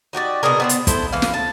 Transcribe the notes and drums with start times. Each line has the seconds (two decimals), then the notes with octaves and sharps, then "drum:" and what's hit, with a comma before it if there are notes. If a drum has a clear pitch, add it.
0.13 D#4 F#4 G4 D5
0.43 B2 D4 G#4 A#4
0.60 B3 C4 D5
0.69 drum: hi-hat
0.87 E4 A4 C5, drum: kick, hi-hat
1.12 E3 F5
1.22 drum: snare
1.34 A5